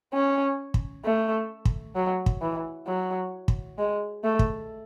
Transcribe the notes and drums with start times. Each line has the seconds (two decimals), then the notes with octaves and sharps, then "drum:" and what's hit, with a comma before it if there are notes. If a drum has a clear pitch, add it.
0.13 C#4
0.74 drum: kick
1.05 A3
1.65 drum: kick
1.95 F#3
2.26 drum: kick
2.42 E3
2.87 F#3
3.48 drum: kick
3.78 G#3
4.24 A3
4.39 drum: kick